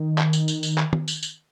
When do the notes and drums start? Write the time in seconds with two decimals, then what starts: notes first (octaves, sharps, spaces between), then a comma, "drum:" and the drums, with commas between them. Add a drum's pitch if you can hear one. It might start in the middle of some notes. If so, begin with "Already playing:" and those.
Already playing: D#3
0.18 drum: clap
0.33 drum: tambourine
0.48 drum: tambourine
0.63 drum: tambourine
0.78 drum: clap
0.93 drum: tom
1.08 drum: tambourine
1.23 drum: tambourine